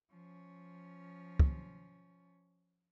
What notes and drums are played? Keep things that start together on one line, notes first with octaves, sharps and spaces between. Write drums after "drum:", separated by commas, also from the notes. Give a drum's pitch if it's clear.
F3 C#4
drum: kick